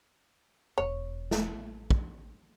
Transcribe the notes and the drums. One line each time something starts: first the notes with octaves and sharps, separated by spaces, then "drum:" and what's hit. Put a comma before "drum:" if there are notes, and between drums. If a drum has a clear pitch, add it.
E1 F2 C#5
drum: snare
A1
drum: kick